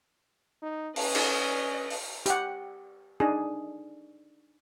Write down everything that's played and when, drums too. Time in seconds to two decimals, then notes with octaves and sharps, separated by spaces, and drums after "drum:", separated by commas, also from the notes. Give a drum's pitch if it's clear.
0.62 D#4
0.96 C#4 B4 D#5, drum: open hi-hat
1.15 drum: cymbal
1.90 drum: open hi-hat
2.26 G4 F#5, drum: hi-hat
3.20 D4 D#4 G#4